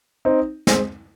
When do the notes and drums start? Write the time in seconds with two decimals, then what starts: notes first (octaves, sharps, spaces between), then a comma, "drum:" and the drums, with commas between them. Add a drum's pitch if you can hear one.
0.25 C4 D#4
0.67 G#3 C4, drum: snare